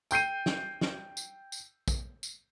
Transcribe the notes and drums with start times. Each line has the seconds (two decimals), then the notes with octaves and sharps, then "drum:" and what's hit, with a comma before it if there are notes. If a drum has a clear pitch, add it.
0.11 G5 G6 C7 D#7, drum: tambourine
0.46 drum: snare
0.81 drum: snare
1.17 drum: tambourine
1.52 drum: tambourine
1.88 drum: kick, tambourine
2.23 drum: tambourine